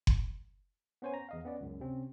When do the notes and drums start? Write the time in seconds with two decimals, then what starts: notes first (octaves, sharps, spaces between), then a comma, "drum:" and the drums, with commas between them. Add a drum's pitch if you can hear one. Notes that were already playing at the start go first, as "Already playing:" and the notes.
0.07 drum: kick F#1
1.02 B3 C#4 C5 C#5 G#5
1.14 A#5 A#6
1.29 E2 D#5 F5
1.45 B3 C#4 D5
1.60 C#2 F#2
1.80 C3 C4 C#4